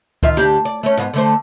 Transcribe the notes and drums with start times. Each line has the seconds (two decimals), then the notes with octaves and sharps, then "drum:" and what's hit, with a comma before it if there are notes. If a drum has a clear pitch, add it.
0.23 D#3 F4 E5, drum: kick C#2
0.37 D2 D4 G4
0.65 D5
0.83 A3 C#4
0.97 G#2 B3
1.14 D3 A3 C5